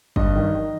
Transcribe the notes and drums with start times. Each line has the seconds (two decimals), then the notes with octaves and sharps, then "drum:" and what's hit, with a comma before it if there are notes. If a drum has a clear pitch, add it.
0.16 G2 D#5, drum: kick F#1
0.36 D#3
0.55 D#3